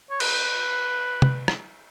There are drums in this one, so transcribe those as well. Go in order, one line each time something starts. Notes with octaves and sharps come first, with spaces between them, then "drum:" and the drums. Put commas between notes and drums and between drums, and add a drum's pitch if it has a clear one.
C#5
B4, drum: cymbal
drum: tom
drum: rim click